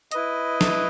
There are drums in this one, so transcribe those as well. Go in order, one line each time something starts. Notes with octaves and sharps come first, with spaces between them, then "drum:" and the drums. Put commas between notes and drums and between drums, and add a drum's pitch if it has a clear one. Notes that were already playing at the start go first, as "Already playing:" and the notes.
E4 B4 D#5, drum: hi-hat
drum: snare